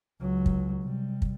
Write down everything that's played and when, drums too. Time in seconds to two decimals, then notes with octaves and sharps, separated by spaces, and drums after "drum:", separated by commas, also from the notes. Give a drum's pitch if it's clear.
0.20 C#2 F#3
0.46 drum: kick
0.82 C3 G3
1.22 drum: kick